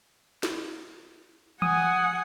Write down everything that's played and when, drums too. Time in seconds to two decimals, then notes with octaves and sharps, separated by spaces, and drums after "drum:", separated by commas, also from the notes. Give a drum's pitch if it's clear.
0.43 drum: snare
1.62 F#5 G#5 D#6, drum: tom E3